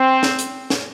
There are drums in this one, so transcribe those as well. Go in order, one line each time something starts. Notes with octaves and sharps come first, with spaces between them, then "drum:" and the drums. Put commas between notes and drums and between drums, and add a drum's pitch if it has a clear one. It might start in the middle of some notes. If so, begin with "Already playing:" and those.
Already playing: C4
drum: snare
drum: hi-hat
drum: snare